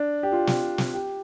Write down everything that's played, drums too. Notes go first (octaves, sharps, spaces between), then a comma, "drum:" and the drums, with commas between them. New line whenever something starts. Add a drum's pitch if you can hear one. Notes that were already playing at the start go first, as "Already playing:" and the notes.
Already playing: D4
G4
F4
drum: snare
drum: snare
G4